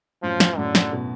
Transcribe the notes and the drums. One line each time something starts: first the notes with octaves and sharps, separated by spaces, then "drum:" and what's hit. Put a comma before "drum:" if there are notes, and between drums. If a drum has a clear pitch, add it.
F#2 A2 F3
drum: snare
F#2 A2 D3
drum: snare
B2